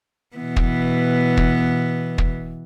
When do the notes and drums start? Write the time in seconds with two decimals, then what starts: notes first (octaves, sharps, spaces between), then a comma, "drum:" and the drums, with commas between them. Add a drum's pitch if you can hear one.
0.36 B2 E3 B3
0.57 drum: kick
1.37 drum: kick
2.18 drum: kick